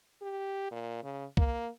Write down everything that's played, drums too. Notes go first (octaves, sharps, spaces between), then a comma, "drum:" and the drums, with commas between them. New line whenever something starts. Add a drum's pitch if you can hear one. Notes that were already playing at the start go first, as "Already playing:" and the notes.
G4
A#2
C#3
A#3, drum: kick C2